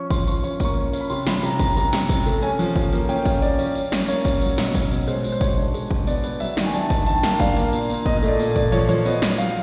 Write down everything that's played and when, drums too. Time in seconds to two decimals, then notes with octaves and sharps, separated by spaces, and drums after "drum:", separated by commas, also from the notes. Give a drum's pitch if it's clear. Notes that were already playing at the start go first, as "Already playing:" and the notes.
Already playing: F3 C#4 C#6
0.10 F3 C6, drum: kick G#1, tambourine
0.27 F3 C#6, drum: tambourine
0.44 C#4 C#6, drum: tambourine
0.60 A#3 C#6, drum: kick G#1, tambourine
0.77 C#4
0.93 C#4, drum: tambourine
1.00 B5
1.10 C3 C6, drum: tambourine
1.27 F3 B5, drum: snare
1.43 C3 A#5, drum: tambourine
1.59 C3 A#5, drum: kick G#1, tambourine
1.76 C3 A#5, drum: tambourine
1.93 C3, drum: snare
2.09 C3, drum: kick G#1, tambourine
2.26 A3, drum: tambourine
2.42 C#4 G#5, drum: tambourine
2.59 F3, drum: tambourine
2.76 F3, drum: kick G#1, tambourine
2.93 A#3, drum: tambourine
3.09 C#4 G5, drum: tambourine
3.25 C#4, drum: kick G#1, tambourine
3.42 C#4 D5, drum: tambourine
3.59 C#4, drum: tambourine
3.75 C#4, drum: tambourine
3.92 C#4, drum: snare
4.08 A#3 C#5, drum: tambourine
4.25 C#4, drum: kick G#1, tambourine
4.41 F#3, drum: tambourine
4.58 B2, drum: snare
4.75 C#4, drum: kick G#1, tambourine
4.91 B2, drum: tambourine
5.07 G#3 C5, drum: tambourine
5.24 G#3, drum: tambourine
5.32 C5
5.41 B2 C#5, drum: kick G#1, tambourine
5.57 D4
5.74 G#3, drum: tambourine
5.91 B2, drum: kick G#1
6.07 B3 D5, drum: tambourine
6.24 B3, drum: tambourine
6.40 F#3 E5, drum: tambourine
6.57 D#3, drum: snare
6.65 G#5
6.73 D4 A5, drum: tambourine
6.90 D#3, drum: kick G#1, tambourine
7.06 D#3 A5, drum: tambourine
7.23 A#3, drum: snare
7.40 D4 F5, drum: kick G#1, tambourine
7.56 A#3, drum: tambourine
7.73 A#2, drum: tambourine
7.90 A#2, drum: tambourine
8.06 A#2 D#5, drum: kick G#1
8.17 D#5
8.23 A3, drum: tambourine
8.28 D5
8.39 A#2, drum: tambourine
8.56 A#2 D5, drum: kick G#1, tambourine
8.72 F3 C#5, drum: tambourine
8.89 F3 C#5, drum: tambourine
9.05 B3 D#5, drum: tambourine
9.22 B3, drum: snare
9.38 F#3 F5, drum: tambourine